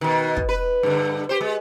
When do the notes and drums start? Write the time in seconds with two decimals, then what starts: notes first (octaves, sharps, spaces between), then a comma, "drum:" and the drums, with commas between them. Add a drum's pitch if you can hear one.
0.01 B2 D#3
0.37 drum: kick
0.49 B4
0.83 G2 D3
1.29 G4 C5
1.41 G#3